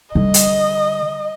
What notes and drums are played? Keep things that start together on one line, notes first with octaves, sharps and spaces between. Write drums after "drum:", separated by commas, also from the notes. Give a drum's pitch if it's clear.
D3 G3 D#5
drum: hi-hat